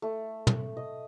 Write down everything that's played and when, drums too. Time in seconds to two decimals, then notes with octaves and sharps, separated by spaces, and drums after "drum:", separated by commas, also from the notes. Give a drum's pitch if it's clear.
0.02 A3
0.47 drum: tom
0.77 D#5